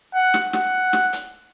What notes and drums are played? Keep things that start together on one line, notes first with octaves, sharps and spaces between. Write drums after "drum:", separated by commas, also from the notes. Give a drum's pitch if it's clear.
F#5
drum: snare
F#5, drum: snare
drum: snare
drum: hi-hat